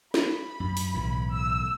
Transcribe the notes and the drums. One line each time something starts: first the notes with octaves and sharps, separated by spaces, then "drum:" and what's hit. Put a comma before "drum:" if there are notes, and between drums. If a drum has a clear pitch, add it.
B5, drum: snare
F#2
drum: open hi-hat
B1 A2 E3
E6